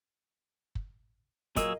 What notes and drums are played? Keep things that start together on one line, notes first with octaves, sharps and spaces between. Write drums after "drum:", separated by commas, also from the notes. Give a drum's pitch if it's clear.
drum: kick
A#2 F#3 A#3 G#4 D#5 E6, drum: kick, hi-hat